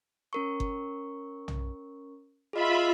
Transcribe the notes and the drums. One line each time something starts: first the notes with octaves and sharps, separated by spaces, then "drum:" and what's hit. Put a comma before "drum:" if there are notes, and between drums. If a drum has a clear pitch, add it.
C#4 A#4 C#6
drum: kick G1
drum: tom B1
F4 G#4 D#5 E5 B5